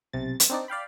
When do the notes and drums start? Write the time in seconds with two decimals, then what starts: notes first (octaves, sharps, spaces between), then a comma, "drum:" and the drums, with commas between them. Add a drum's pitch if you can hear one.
0.13 B1 C3 A6
0.40 drum: hi-hat
0.50 C4 D4 D#4 D5
0.68 D5 F5 G5 B5